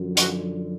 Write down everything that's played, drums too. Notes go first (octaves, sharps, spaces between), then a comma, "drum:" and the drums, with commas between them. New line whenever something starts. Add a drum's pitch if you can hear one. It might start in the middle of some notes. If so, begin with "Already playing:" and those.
Already playing: F#2 D3 F3
F#4, drum: hi-hat